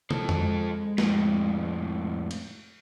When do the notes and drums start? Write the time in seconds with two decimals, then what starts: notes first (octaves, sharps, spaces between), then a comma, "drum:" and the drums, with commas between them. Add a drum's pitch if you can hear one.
0.11 F3 G#3 A4, drum: tom
0.29 drum: tom F2
0.98 F2 A2, drum: snare
2.31 drum: cymbal